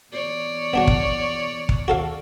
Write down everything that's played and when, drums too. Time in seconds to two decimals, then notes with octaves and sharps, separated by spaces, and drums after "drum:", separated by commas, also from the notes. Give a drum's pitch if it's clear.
0.12 E2 C#5 D5
0.73 B3 D4 F#4
0.87 drum: kick
1.69 drum: kick
1.88 F#4 A4 F5